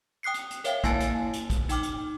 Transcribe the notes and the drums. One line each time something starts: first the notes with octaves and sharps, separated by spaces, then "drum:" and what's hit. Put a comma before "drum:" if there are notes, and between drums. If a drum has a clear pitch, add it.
G5 D#6 F#6 C7 C#7
drum: hi-hat
drum: hi-hat
A#4 C#5 E5 F5 G5, drum: hi-hat
A#3 E4 G#5 A5 A6 D7, drum: kick, hi-hat
drum: hi-hat
drum: hi-hat
drum: kick, hi-hat
D#4 G5 D6 F6, drum: hi-hat
drum: hi-hat